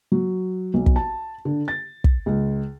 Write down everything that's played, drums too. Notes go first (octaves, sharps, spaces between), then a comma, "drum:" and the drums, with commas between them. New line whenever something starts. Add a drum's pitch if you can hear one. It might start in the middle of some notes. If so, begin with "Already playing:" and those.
F#3
B1
drum: kick
A5
D3
A6
drum: kick
C#2